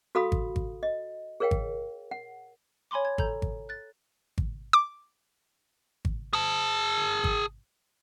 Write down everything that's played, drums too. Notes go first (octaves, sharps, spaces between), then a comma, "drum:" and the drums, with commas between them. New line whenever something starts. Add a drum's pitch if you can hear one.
F#4 A4 F5 B5 D#6
drum: kick G#1
drum: kick G#1
D#5
G#4 A#4 C#5 F5 G5
drum: kick G#1
F#5
C#5 G#5 B5 C6 D6
G#6
A4 A#5 G6, drum: kick G#1
drum: kick G#1
F#6 A6
drum: kick G#1
D6
drum: kick G#1
G#4 A5
drum: kick G#1